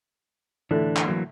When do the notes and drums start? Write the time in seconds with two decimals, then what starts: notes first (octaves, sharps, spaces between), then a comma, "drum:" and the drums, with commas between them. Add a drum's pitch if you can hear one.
0.71 A2 D3 E3 D4
0.96 drum: clap
1.06 E3 F#3 A#3